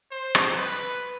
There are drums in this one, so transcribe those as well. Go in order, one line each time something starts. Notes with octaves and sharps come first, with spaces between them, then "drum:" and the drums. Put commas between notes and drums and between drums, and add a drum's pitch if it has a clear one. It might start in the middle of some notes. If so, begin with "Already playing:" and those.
C5
drum: rim click
B4